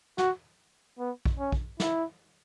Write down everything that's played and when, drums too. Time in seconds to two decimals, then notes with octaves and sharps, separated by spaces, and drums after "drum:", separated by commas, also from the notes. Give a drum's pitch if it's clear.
0.18 F#4, drum: snare
0.99 B3
1.25 drum: kick A#1
1.39 C#4
1.52 drum: kick A#1
1.80 E4, drum: snare